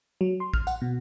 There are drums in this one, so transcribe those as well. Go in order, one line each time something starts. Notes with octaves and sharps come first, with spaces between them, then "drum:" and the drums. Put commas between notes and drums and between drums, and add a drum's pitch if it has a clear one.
F#3
C6
F6, drum: kick
F#5, drum: tambourine
B2